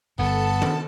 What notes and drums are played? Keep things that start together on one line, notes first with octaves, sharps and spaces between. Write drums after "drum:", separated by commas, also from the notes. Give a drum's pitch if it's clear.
G1 G2 B3 A4 A5
drum: tom D#3